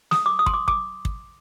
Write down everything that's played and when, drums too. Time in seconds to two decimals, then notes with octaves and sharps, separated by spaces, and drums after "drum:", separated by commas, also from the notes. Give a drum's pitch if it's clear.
0.11 D#6, drum: snare
0.26 D6
0.39 D#6
0.46 C6, drum: kick
0.54 D6
0.68 D6, drum: kick
1.05 drum: kick